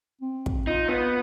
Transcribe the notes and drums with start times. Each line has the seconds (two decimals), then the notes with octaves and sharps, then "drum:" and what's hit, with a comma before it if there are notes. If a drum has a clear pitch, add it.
0.22 C4
0.46 drum: kick
0.67 D#4 F4
0.88 B3